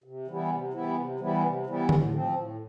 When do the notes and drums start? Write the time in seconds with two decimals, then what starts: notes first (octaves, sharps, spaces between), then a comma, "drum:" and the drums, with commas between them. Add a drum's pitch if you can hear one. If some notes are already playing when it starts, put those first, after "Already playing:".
0.04 C3
0.27 E3 G3 B3 E4
0.50 C3
0.73 E3 G3 B3 E4
0.97 C3
1.20 E3 G3 B3 E4
1.42 C3
1.66 E3 G3 B3 E4
1.89 A2, drum: tom D3
2.11 F3 C4
2.35 A2